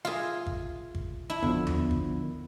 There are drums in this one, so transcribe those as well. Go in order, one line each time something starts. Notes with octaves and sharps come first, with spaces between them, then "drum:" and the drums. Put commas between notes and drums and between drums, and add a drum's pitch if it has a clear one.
F4 G#4 A#4 E5 F5
drum: kick
drum: kick
E4 A5
D3 F3 B3, drum: kick
drum: tom D#2
drum: kick
D#3